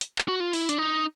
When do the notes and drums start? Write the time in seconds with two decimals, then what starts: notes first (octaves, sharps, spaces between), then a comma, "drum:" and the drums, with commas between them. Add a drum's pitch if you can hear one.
0.01 drum: hi-hat
0.18 drum: clap
0.28 F#4
0.40 F4
0.53 E4, drum: open hi-hat
0.69 D4, drum: hi-hat
0.78 D#4